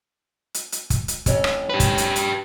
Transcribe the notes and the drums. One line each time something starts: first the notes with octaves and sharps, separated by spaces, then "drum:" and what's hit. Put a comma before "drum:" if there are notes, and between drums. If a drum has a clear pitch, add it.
drum: hi-hat
drum: hi-hat
drum: kick, hi-hat
drum: hi-hat
F2 A2 C#4, drum: kick, hi-hat
drum: rim click
G4 B4
drum: kick, hi-hat
drum: hi-hat
drum: hi-hat